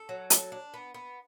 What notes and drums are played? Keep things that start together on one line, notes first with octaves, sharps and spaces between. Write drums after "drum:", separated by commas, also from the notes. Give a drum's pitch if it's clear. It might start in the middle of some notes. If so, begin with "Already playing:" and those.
Already playing: A4
F#3
A4, drum: hi-hat
D4
B3
B3